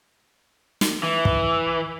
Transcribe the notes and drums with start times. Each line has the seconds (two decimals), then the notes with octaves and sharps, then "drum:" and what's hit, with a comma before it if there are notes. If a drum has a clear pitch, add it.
0.81 drum: snare
1.03 E3
1.25 drum: kick